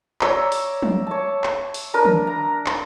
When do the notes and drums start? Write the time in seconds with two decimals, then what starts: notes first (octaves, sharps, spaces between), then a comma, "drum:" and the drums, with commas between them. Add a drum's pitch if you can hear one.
0.21 C#5 D5 E5 A#5, drum: clap
0.52 drum: open hi-hat
0.82 drum: tom
1.07 C#5 A5
1.44 drum: clap
1.74 drum: open hi-hat
1.94 D4 A#4 B4
2.05 drum: tom
2.27 A#5
2.66 drum: clap